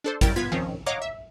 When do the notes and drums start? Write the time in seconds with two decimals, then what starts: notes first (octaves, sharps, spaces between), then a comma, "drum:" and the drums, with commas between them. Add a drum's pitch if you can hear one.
0.04 D4 A4 C5
0.21 F#2 G3 E4 A#4 G5 A6, drum: kick, hi-hat
0.36 B3 F4 G#6 B6
0.52 D#3 F3 C4 C#4
0.86 C#5 D#5 F5 F#5 A#5 D6
1.02 E5